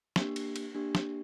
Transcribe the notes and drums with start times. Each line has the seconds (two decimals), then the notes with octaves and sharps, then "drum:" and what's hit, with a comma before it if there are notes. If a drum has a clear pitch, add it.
0.16 A#3 D4 G4, drum: snare
0.36 drum: cymbal
0.56 drum: cymbal
0.75 A#3 D4 G4
0.95 drum: snare